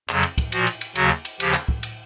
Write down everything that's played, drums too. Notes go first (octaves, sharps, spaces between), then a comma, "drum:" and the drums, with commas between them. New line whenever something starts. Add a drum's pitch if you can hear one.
F2 C#3 F#3, drum: clap
drum: cymbal
drum: kick, cymbal
A#2 F3 F#4, drum: cymbal
drum: cymbal
drum: cymbal
D#2 C#3 F#3 F#4, drum: cymbal
drum: cymbal
D#2 C#3 F3 G4, drum: cymbal
drum: clap
drum: kick
drum: cymbal